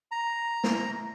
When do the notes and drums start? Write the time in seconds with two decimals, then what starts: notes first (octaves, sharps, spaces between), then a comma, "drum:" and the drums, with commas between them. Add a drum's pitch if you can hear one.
0.11 A#5
0.64 drum: snare